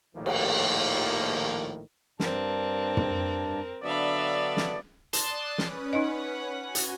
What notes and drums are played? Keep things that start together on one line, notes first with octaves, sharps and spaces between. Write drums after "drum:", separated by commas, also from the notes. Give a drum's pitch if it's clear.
A#1 D#2 A2 D#3 F3 A#3
drum: cymbal
G2 C4 D4 A#4 A5, drum: snare
drum: tom
D3 F#3 B3 D4 D5 E5 F5 B5
drum: snare
D5 A5 C6 D#6 F#6, drum: hi-hat
C#4 B4, drum: snare
D#4 D#5 F#5
F#4 G#5
drum: hi-hat